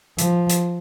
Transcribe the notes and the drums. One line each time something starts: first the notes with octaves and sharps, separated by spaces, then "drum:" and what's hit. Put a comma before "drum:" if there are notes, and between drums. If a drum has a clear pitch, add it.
F3, drum: hi-hat
drum: hi-hat